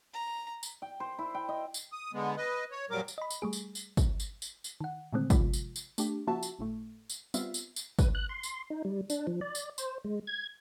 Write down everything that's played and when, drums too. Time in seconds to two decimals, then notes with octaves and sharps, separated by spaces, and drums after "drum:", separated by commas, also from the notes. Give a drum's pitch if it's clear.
0.13 A#5
0.63 drum: tambourine
0.82 G5
1.00 C5
1.19 E4
1.35 G5
1.49 D#5
1.74 drum: tambourine
1.92 D#6
2.13 D3 G#3 B3
2.37 B4 D#5
2.72 C#5
2.91 F2 A#2 F#3 G3 A#4 D6
3.08 drum: tambourine
3.18 D#5 B5
3.30 drum: tambourine
3.42 G3 A3 G#4
3.53 drum: tambourine
3.75 drum: tambourine
3.97 drum: kick, tambourine
4.20 drum: tambourine
4.42 drum: tambourine
4.64 drum: tambourine
4.81 D#3 F#5
5.13 A#2 D3 D#3 G#3 A3 C4
5.30 C3 D#3 F3 G#3 F4, drum: kick, tambourine
5.53 drum: tambourine
5.76 drum: tambourine
5.98 A3 D4 G4, drum: tambourine
6.27 C#3 F3 A#3 F#4 E5 A5
6.43 drum: tambourine
6.59 G1 A2 A3
7.10 drum: tambourine
7.34 G3 B3 C4 F4 E5 F5, drum: tambourine
7.54 drum: tambourine
7.76 drum: tambourine
7.99 B4, drum: kick, tambourine
8.15 F#6
8.29 C6
8.43 drum: tambourine
8.70 D#4
8.85 G3
9.10 D4, drum: tambourine
9.27 F3
9.41 D5
9.55 drum: tambourine
9.78 C5, drum: tambourine
10.04 G#3
10.27 G#6